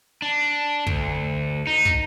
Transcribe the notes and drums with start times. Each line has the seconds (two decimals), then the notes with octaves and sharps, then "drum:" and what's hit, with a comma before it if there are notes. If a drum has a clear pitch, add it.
0.22 D4
0.87 D2, drum: kick
1.67 D#4
1.85 drum: kick